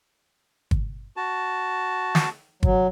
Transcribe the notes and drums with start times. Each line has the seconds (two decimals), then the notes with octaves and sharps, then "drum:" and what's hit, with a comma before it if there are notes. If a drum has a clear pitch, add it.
0.71 drum: kick G1
1.17 F#4 A5
2.15 drum: snare
2.63 F#3, drum: kick G1